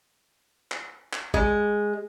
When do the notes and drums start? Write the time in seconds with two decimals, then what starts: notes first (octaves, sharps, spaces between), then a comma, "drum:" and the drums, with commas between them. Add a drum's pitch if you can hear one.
0.72 drum: clap
1.13 drum: clap
1.34 G#3, drum: kick G#1